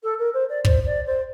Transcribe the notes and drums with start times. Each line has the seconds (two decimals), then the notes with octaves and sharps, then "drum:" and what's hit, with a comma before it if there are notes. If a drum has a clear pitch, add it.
0.03 A4
0.18 A#4
0.34 C5
0.49 D5
0.65 C5, drum: kick
0.86 D5
1.06 C5